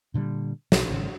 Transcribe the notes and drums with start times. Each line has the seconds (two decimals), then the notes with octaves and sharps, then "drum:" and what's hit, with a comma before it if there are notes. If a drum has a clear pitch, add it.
0.14 A#2 D3 D#3 G3
0.72 B1, drum: snare
0.88 G#1 C#3